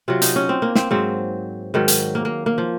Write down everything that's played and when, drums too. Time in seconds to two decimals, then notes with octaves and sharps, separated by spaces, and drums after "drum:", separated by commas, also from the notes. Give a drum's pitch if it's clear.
0.08 C3 F#3 F4
0.22 D#4, drum: hi-hat
0.36 C#4
0.49 C4
0.62 A#3
0.75 C4, drum: snare
0.91 G#2 F#3 C4
1.74 G#2 D#3 F#3
1.88 drum: hi-hat
2.15 A#3
2.25 A#3
2.46 A#3
2.58 F3